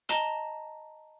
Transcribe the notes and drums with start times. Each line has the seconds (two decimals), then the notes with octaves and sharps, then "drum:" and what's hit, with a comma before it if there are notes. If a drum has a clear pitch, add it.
0.09 D#5 A5 A#5 E7 G7, drum: hi-hat